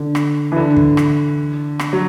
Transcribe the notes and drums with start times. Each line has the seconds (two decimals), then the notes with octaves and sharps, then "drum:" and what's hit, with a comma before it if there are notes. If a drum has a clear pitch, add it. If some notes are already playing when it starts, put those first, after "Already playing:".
Already playing: D3
0.15 drum: rim click
0.52 E3
0.56 D3
0.77 drum: kick
0.97 drum: rim click
1.79 drum: rim click
1.93 F#3